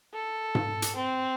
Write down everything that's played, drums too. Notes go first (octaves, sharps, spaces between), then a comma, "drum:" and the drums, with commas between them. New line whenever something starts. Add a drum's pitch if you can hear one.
A4
drum: tom G#2
drum: hi-hat
C4